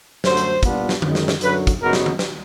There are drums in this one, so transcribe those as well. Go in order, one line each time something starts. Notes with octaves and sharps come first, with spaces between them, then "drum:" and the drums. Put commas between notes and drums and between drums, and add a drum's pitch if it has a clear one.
F#2 D3 F#3 A3 C5, drum: snare
drum: hi-hat
A#2 G3 B3 D4 F4, drum: kick, hi-hat
drum: snare
F#2 D#3 G#3, drum: tom D3
drum: snare
drum: snare
F#2 D3 F#3 B4, drum: hi-hat
drum: kick, hi-hat
F#2 C#3 F#3 B3 D#4 A#4
drum: snare
drum: tom D#3
drum: snare